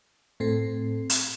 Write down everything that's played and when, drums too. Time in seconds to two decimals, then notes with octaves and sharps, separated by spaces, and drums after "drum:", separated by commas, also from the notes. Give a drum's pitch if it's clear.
0.40 A2 C4 A4 C7
1.10 drum: hi-hat